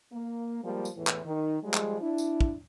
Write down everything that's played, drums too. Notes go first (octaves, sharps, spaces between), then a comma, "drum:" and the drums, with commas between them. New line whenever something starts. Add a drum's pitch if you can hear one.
A#3
F3 G3 G#3 A#3
drum: tambourine
E2 A2 E3
drum: clap
D#3
F3 G3 G#3
drum: clap
D4 E4
drum: tambourine
drum: kick